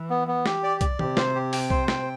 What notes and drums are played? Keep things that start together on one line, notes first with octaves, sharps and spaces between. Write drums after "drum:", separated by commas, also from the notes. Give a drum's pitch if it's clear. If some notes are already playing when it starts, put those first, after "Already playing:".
Already playing: E3
B3
B3
G4, drum: snare
D5
D5, drum: kick B1, hi-hat
C3 G4, drum: tom D#3
C5, drum: snare
G4
G5, drum: open hi-hat
C5, drum: kick B1
G5, drum: snare